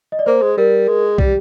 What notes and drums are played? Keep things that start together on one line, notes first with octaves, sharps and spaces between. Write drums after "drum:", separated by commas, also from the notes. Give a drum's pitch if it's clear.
D#5
D5
A#3 C5
G#3
G3 A#4
G#3
G3 G4, drum: kick